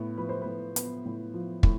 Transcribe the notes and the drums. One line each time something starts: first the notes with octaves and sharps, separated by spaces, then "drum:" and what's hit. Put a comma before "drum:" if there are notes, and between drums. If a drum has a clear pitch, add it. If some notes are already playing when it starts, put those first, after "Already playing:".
Already playing: A2 B3
F3 B4
C5
A2 B4
B3, drum: hi-hat
A2
F3
A2, drum: kick